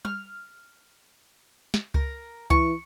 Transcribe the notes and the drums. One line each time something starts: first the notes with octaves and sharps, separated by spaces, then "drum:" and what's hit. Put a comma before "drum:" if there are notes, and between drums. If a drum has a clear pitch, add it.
F6, drum: tom G3
drum: snare
A#4, drum: kick C#2
E3 C#6, drum: kick C#2